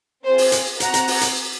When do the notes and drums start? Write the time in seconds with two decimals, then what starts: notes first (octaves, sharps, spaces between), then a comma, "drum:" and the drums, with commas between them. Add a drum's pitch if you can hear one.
0.24 C4 F4 G#4 C5
0.38 drum: open hi-hat
0.52 drum: hi-hat
0.80 C4 F#4 F#5 A#5, drum: hi-hat
0.94 drum: hi-hat
1.08 drum: open hi-hat
1.21 drum: hi-hat